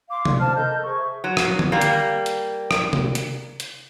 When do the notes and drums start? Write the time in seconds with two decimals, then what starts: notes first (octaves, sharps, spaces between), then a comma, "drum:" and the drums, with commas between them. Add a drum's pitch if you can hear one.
0.10 F5 C6 D6
0.25 D5, drum: tom C3
0.40 C5 F5 A5 F6
0.55 A4 A#4 D#5 G6
0.84 G#4 C5 C#6
0.98 E5
1.24 F#3
1.37 drum: rim click
1.59 drum: tom D3
1.72 G3 A#3
1.81 drum: hi-hat
2.26 drum: hi-hat
2.71 drum: rim click
2.93 drum: tom C3
3.15 drum: hi-hat
3.60 drum: hi-hat